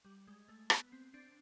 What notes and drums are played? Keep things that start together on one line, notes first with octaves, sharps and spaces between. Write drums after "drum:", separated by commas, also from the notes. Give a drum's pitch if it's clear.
G3
G#3
A3
B3, drum: rim click
C4
C4 D4